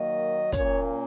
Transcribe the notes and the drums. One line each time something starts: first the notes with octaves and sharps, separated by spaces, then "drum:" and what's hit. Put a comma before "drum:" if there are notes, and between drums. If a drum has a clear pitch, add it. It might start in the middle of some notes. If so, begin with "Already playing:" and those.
Already playing: D#3 F#3 A#3 D#5
A#2 A#3 C#4 C#5, drum: kick, hi-hat